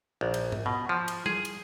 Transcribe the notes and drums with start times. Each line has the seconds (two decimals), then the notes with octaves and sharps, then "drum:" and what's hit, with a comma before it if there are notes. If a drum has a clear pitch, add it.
0.21 A#1
0.34 drum: cymbal
0.52 drum: tom G#2
0.66 B2
0.89 F3
1.08 drum: cymbal
1.26 G#4, drum: tom
1.45 drum: cymbal